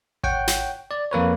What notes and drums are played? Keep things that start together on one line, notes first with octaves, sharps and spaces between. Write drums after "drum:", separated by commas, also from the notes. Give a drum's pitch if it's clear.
C#5 F#5 G5, drum: kick G#1
drum: snare
D5
F2 A#3 B4 C#5